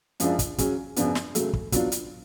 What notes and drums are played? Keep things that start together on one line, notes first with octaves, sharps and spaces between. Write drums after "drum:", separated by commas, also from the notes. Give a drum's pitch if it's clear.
F#2 F3 G#3 D4 F4, drum: hi-hat
drum: kick, hi-hat
F#3 C#4 G#4, drum: kick, hi-hat
F#2 C#3 F3 B3 D4, drum: hi-hat
drum: snare
C#3 F#3 A3, drum: hi-hat
drum: kick
F#3 B3 D4 F4, drum: kick, hi-hat
drum: hi-hat